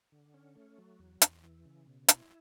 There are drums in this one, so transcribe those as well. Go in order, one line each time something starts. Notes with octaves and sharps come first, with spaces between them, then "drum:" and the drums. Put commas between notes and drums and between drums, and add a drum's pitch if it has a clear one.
D3
C#4
A3
F#3
E2
E2, drum: hi-hat
E3
C#3
B2
E4, drum: hi-hat